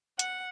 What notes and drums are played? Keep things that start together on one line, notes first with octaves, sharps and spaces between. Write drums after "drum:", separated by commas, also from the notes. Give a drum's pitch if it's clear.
F#5, drum: hi-hat